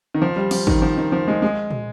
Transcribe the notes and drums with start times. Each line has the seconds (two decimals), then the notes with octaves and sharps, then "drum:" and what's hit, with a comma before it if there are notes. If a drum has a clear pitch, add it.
0.14 D#3
0.22 F3
0.36 G3
0.51 F3, drum: cymbal
0.67 D#3, drum: kick
0.82 F3
0.97 D#3
1.12 F3
1.28 G#3
1.42 G#3
1.71 drum: tom